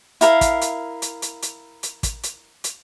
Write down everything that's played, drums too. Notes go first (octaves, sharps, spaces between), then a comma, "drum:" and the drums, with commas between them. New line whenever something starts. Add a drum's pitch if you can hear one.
E4 A#4 F5, drum: hi-hat
drum: kick, hi-hat
drum: hi-hat
drum: hi-hat
drum: hi-hat
drum: hi-hat
drum: hi-hat
drum: kick, hi-hat
drum: hi-hat
drum: hi-hat